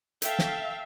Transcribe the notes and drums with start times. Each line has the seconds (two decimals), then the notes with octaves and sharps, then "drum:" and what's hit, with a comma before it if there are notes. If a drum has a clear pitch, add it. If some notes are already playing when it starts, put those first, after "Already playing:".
0.22 A4 E5 F5 G5, drum: hi-hat
0.39 drum: snare